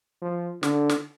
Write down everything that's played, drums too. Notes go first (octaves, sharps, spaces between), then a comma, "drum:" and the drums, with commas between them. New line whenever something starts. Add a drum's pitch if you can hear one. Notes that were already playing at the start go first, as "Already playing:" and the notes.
F3
D3, drum: snare
drum: snare